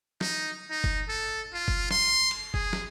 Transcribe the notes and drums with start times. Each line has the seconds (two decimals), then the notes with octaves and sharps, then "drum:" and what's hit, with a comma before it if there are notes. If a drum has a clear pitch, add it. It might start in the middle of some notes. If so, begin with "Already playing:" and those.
0.21 D#4, drum: snare
0.70 D#4
0.84 drum: kick F#1
1.09 A4
1.53 F4
1.68 drum: kick F#1
1.91 C6, drum: snare
2.31 drum: cymbal
2.54 G#4, drum: kick F#1
2.73 drum: snare